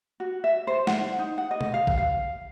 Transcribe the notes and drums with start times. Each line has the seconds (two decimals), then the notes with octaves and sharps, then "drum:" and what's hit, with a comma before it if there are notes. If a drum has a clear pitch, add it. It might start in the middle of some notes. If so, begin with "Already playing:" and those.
0.20 F#4
0.44 E5
0.67 C5
0.87 F#5, drum: snare
1.19 D#4
1.38 F#5
1.51 D#5
1.61 drum: tom
1.74 F5
1.87 drum: kick A1
1.98 F5